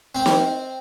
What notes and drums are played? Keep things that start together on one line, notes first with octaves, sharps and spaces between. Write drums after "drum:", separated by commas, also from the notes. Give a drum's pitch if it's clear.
C4
drum: snare